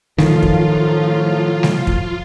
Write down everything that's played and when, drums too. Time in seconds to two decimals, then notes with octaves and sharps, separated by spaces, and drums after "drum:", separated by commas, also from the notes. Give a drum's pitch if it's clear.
0.18 A2 D#3 F3 F#3 F4, drum: snare G3
0.42 drum: kick
1.63 drum: snare G3
1.87 drum: kick